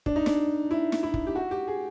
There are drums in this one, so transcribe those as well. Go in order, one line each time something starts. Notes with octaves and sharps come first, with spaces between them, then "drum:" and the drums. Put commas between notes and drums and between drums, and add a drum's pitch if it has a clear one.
D4, drum: kick
D#4
D4, drum: snare
E4
drum: snare
E4
drum: kick
G4
F#4
G4
G#4